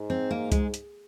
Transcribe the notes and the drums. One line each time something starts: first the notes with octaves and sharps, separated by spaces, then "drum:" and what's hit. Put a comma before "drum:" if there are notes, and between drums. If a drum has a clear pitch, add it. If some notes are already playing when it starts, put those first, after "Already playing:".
Already playing: G#2
C4
A#3
G#3, drum: kick C#2, hi-hat
drum: hi-hat